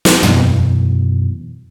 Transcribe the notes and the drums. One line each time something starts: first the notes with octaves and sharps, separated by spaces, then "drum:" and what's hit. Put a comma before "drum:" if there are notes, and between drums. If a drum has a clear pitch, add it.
drum: snare
F#2 B2 E3, drum: tom